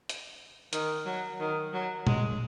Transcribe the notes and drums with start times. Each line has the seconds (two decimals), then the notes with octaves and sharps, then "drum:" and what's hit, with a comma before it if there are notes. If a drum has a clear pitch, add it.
0.09 drum: hi-hat
0.73 D#3, drum: hi-hat
1.06 F#3
1.40 D#3
1.73 F#3
2.07 G#3, drum: tom A#2